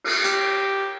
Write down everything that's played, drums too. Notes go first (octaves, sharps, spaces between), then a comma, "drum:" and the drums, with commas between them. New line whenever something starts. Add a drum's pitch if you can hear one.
drum: cymbal
G4, drum: hi-hat